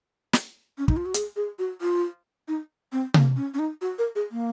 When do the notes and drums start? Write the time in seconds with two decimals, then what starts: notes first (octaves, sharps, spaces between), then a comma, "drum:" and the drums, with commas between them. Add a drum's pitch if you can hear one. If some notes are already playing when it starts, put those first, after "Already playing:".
0.33 drum: snare
0.78 C#4
0.88 D#4, drum: kick
0.97 F4
1.06 F#4
1.14 G#4, drum: hi-hat
1.36 G#4
1.59 F#4
1.81 F4
2.48 D#4
2.92 C4
3.14 A#3, drum: tom C3
3.36 C#4
3.54 C#4
3.59 D#4
3.81 F#4
3.98 A#4
4.15 G#4
4.31 A#3